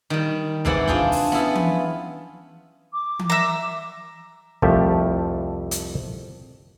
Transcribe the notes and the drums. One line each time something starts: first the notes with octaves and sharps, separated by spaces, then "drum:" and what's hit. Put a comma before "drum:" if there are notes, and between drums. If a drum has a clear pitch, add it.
D#3 G3
G#2 C3 E3 E4 D5 F#5, drum: kick
D4 F4 G#4 G5, drum: kick
drum: open hi-hat
B3 C#4 E4 F4
drum: tom E3
D6
drum: tom E3
E5 A#5
C2 F2 F3 A3 G4 E5, drum: kick
drum: hi-hat